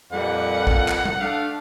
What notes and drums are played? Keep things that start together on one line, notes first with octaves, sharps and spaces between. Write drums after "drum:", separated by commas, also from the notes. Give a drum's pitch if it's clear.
F2 A#2 G3 B4 F#5
drum: kick A1
drum: clap
drum: tom G3
A3 D4 F5